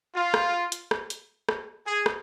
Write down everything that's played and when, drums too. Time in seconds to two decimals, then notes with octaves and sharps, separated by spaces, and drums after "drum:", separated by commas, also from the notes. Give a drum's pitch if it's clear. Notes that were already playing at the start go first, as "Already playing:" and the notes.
0.15 F4
0.34 drum: rim click
0.72 drum: hi-hat
0.91 drum: rim click
1.10 drum: hi-hat
1.49 drum: rim click
1.87 G#4
2.06 drum: rim click